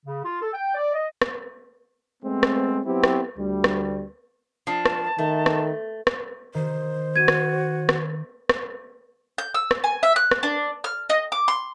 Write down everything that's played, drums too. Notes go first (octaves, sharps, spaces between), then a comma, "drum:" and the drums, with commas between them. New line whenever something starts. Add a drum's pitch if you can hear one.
C#3
F4
A4
G5
D5
D#5
drum: rim click
G#3 A3 B3 C4
drum: rim click
F#3 B3 C4 E4 G4
drum: rim click
D2 G3
drum: rim click
F3 D4 A5
drum: rim click
D#3 A3
drum: rim click
drum: rim click
D#3 C5
F#4 G#6 D#7
drum: rim click
drum: rim click
drum: rim click
G6
E6
drum: rim click
G#5
E5
F#6
drum: rim click
D4
F6
D#5
D6
C6